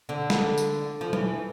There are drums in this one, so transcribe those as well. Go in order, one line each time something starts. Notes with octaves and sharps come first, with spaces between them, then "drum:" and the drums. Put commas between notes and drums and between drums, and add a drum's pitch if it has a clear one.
D3
drum: snare
drum: tambourine
F3
E3, drum: tom